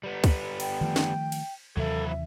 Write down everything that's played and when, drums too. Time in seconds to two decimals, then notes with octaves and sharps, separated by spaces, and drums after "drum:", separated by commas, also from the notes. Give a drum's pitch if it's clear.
0.04 G3 B3
0.24 drum: kick C#2, cymbal
0.60 G5, drum: cymbal
0.81 D#3 F3 A3
0.96 drum: snare
1.32 drum: cymbal
1.76 D#2 C3 E3 F#3 E4 A4
2.09 E5